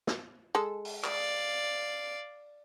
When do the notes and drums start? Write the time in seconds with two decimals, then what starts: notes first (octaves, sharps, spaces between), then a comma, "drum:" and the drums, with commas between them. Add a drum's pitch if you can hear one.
0.07 drum: snare
0.55 G#3 A4
0.85 drum: open hi-hat
1.04 D5 F5, drum: clap